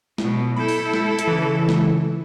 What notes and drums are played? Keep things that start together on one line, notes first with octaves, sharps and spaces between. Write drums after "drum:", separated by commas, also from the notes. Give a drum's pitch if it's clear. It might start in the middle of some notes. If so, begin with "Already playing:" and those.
B2 F#3, drum: snare
E4 A4 B5 G6
drum: open hi-hat
drum: snare
drum: hi-hat
C#3 E3
drum: snare